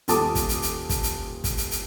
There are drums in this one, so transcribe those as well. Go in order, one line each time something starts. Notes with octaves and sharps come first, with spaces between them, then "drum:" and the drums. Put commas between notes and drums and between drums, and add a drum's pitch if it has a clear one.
D#1 F4 A4 A5 D6 D#6, drum: hi-hat
drum: kick, hi-hat
drum: hi-hat
drum: hi-hat
drum: kick, hi-hat
drum: hi-hat
drum: kick, hi-hat
drum: hi-hat
drum: hi-hat